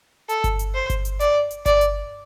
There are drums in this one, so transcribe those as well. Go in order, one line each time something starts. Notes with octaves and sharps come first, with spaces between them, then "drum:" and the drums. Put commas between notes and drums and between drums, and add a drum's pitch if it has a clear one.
A4, drum: hi-hat
drum: kick G1, hi-hat
drum: hi-hat
C5
drum: kick G1, hi-hat
drum: hi-hat
D5, drum: hi-hat
drum: hi-hat
D5, drum: kick G1, hi-hat
drum: hi-hat